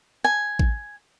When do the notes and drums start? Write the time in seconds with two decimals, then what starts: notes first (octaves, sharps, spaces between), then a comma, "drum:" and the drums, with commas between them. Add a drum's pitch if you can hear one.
0.24 G#5
0.59 drum: kick A1